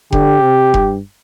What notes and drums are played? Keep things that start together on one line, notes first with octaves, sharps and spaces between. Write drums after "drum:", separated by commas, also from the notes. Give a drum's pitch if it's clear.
D3 G4, drum: kick F1
C3
G2, drum: kick F1